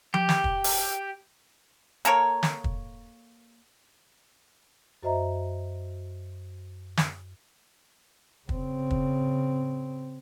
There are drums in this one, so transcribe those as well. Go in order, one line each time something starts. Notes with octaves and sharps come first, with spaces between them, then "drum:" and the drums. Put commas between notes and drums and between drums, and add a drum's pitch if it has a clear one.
G4, drum: tom F3
drum: snare
drum: kick
drum: open hi-hat
A#3 A4 A#4 C#5, drum: hi-hat
drum: snare
drum: kick
F#2 F#4 C5 D#5 E5 A#5
drum: snare
C#3 C4, drum: kick
drum: kick